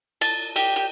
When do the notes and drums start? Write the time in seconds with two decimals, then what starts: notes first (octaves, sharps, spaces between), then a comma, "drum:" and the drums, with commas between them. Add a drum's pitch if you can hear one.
0.21 A5, drum: cymbal
0.56 G4, drum: cymbal
0.76 G4